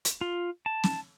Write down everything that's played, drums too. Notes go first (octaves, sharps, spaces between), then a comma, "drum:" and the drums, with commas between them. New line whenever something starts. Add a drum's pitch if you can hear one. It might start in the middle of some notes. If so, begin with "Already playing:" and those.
drum: hi-hat
F4
A5
drum: snare